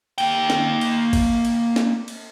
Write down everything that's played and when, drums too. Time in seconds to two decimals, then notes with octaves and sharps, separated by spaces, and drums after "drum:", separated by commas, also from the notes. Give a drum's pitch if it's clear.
0.18 A#3 G5, drum: cymbal
0.50 drum: snare
0.81 drum: cymbal
1.13 drum: kick, cymbal
1.45 drum: cymbal
1.76 drum: snare
2.08 drum: cymbal